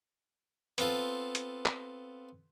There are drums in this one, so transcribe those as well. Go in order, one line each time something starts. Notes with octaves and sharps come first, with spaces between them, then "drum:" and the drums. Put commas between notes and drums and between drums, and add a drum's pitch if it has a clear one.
B3 C4 F4 A4, drum: hi-hat
drum: hi-hat
drum: clap